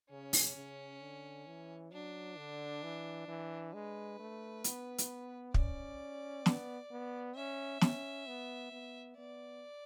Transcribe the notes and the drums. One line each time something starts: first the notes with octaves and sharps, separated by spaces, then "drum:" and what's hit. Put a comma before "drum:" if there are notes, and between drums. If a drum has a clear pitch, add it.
C#3 C#4
drum: open hi-hat
C#3
D3
E3
F#3 D4
D3
E3
E3
G#3 B4
A3
B3, drum: hi-hat
drum: hi-hat
C#4 D5, drum: kick
B3, drum: snare
B3
C#4 E5
C#4, drum: snare
B3
B3
B3 D5